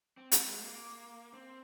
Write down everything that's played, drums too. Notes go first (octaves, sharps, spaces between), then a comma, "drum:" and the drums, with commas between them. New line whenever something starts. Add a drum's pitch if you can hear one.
C4
C4, drum: hi-hat
G#3
A#3
C4